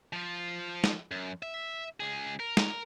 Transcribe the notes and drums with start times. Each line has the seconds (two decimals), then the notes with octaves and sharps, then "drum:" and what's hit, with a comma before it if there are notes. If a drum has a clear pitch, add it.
0.13 F3 F4
0.84 drum: snare
1.11 F#2
1.43 E5
2.00 C#2 G#4
2.40 A#4
2.57 drum: snare